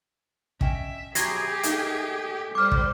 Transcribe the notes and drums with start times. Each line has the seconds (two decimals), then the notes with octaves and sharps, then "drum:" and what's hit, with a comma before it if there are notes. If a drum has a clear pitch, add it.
0.61 C#4 D#5 E5 G5, drum: kick
1.15 F#2 B2 F#3 G4 G#4 G#6 A#6 C7, drum: hi-hat
1.63 A3 A#3 D#4, drum: hi-hat
2.55 G3 C5 D6 F6
2.72 drum: kick